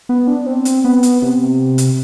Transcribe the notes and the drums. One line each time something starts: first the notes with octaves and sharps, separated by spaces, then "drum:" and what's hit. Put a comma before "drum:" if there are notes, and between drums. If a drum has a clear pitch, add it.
B3
D4
C4
drum: hi-hat
B3
drum: hi-hat
C3
drum: hi-hat